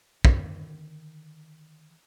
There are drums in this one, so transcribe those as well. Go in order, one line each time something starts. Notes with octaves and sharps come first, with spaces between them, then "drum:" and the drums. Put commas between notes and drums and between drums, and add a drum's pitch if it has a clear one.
D3 D#3, drum: kick